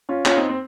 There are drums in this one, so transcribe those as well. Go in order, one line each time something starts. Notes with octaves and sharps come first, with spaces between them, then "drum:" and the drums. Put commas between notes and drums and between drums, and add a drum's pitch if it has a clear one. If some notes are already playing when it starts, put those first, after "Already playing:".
C#4 F4
C#4 F4, drum: clap
C4 D#4
C4